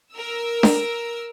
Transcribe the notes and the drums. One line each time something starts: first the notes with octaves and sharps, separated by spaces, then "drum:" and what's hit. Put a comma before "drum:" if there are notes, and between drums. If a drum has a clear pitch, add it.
A#4 E6
drum: snare D4